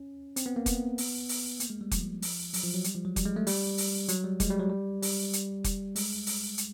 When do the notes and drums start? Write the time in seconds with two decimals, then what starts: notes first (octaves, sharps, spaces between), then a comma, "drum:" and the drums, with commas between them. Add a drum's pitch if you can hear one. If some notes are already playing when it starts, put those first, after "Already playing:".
Already playing: C#4
0.36 C4, drum: hi-hat
0.46 B3
0.56 A#3
0.66 B3, drum: kick F1, hi-hat
0.98 drum: open hi-hat
1.29 drum: open hi-hat
1.60 A#3, drum: hi-hat
1.70 G#3
1.81 G3
1.91 F3, drum: kick F1, hi-hat
2.22 drum: open hi-hat
2.54 F#3, drum: open hi-hat
2.64 F3
2.74 F#3
2.84 G3, drum: hi-hat
2.95 F3
3.05 F#3
3.16 G3, drum: kick F1, hi-hat
3.25 G#3
3.36 A3
3.47 G3, drum: open hi-hat
3.78 drum: open hi-hat
4.08 F#3, drum: hi-hat
4.24 G3
4.40 G#3, drum: kick F1, hi-hat
4.50 G3
4.59 F#3
4.70 G3
5.02 G3, drum: open hi-hat
5.33 drum: hi-hat
5.64 drum: kick F1, hi-hat
5.96 G#3, drum: open hi-hat
6.27 drum: open hi-hat
6.58 drum: hi-hat